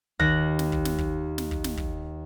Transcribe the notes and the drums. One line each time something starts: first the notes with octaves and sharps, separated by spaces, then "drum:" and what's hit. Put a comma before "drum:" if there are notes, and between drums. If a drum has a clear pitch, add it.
D#2 F#6 A#6, drum: kick
drum: snare
drum: kick
drum: snare
drum: kick
drum: snare
drum: kick
drum: snare
drum: kick